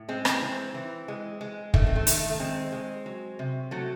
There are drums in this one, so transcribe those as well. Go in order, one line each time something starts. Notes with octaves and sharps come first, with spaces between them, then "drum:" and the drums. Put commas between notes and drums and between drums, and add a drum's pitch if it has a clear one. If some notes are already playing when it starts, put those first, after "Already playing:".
Already playing: A2
G#3 C4
C4, drum: rim click
E3 C4
E3
G#3
G#3
D#3 A3, drum: kick
C4
A3
D#3, drum: hi-hat
A3
A3
G#3 C4
G#3
F#3
C3
F#3 A3